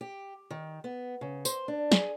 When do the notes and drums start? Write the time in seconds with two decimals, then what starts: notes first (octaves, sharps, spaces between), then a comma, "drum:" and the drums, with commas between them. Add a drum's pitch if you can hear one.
0.01 G4
0.50 D#3
0.84 B3
1.21 C#3
1.45 C5, drum: tambourine
1.68 D4
1.92 G#4, drum: snare